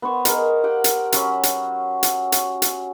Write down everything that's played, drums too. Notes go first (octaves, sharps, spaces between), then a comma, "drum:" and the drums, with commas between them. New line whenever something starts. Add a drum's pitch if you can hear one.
B3 C5 C#6
D#4 G#4 A#4, drum: hi-hat
G4 F#5 G5
drum: hi-hat
F#3 C#4 F#4 B5, drum: hi-hat
drum: hi-hat
drum: hi-hat
drum: hi-hat
drum: hi-hat